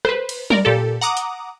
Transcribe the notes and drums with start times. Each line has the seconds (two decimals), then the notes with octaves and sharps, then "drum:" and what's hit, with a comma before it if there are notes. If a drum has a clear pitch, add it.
0.05 B4 C5, drum: rim click
0.29 drum: cymbal
0.50 A#4 D5, drum: tom F#3
0.65 A#2 G4 A4
1.01 F#5 A#5 D6 D#6
1.17 drum: hi-hat